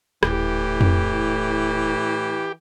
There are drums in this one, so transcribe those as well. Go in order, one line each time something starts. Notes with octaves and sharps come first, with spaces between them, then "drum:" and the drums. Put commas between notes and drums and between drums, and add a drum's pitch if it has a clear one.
D#1 A2 E3 G4, drum: rim click
drum: tom F2